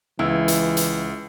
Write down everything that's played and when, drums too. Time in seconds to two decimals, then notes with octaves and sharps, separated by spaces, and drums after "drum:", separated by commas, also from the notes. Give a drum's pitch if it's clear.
0.19 C#2 E3 E4
0.48 drum: hi-hat
0.77 drum: hi-hat